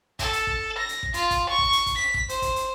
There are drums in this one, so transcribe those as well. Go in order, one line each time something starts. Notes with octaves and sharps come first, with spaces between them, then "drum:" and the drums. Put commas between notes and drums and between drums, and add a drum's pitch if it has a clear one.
A4, drum: kick, hi-hat
drum: hi-hat
drum: kick
A#6
drum: hi-hat
drum: kick
F4, drum: hi-hat
drum: kick, hi-hat
C#6
drum: kick
drum: hi-hat
drum: kick, hi-hat
B6
drum: kick
C5, drum: hi-hat
drum: kick, hi-hat
drum: hi-hat